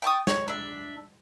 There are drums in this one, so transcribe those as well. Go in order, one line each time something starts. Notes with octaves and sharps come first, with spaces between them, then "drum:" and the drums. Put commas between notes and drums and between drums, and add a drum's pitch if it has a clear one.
G5 A5 C#6 D#6
C#5, drum: snare
D4 E5